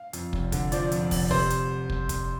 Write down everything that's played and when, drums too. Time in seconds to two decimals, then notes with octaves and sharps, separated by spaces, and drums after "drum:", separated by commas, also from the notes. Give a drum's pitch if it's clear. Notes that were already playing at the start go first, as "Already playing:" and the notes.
Already playing: F5
0.13 F2, drum: hi-hat
0.33 F1, drum: kick
0.52 D3, drum: kick, hi-hat
0.72 F3 D5, drum: hi-hat
0.92 F2, drum: hi-hat
1.11 F1, drum: kick, open hi-hat
1.31 C3 C5, drum: kick
1.50 drum: hi-hat
1.90 drum: kick
2.09 drum: kick, hi-hat